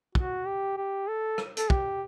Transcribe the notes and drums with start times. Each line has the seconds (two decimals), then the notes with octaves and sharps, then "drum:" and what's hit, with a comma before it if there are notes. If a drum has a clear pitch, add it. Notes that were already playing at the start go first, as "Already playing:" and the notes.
0.15 F#4, drum: kick
0.47 G4
0.77 G4
1.08 A4
1.38 drum: rim click
1.57 A4, drum: hi-hat
1.70 G4, drum: kick